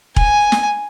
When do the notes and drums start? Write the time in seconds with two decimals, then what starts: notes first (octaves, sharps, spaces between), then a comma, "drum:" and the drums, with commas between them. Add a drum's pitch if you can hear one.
0.16 G#5, drum: kick E1
0.52 drum: snare